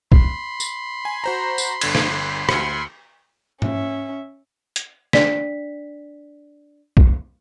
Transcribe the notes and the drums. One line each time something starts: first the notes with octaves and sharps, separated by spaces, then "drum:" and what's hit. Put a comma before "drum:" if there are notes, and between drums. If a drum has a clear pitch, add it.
B5 C6, drum: kick
drum: tambourine
G#5
F#4 C5 A#5
drum: tambourine
G1 D3 G#6, drum: cymbal
drum: snare
D2 C#7, drum: rim click
C#4 E5, drum: tom G#2
drum: hi-hat
D4 D5 B6, drum: snare
drum: kick